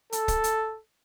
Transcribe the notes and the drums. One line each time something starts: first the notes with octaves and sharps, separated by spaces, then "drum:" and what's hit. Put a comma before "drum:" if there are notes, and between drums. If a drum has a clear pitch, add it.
A4, drum: hi-hat
drum: kick, hi-hat
drum: hi-hat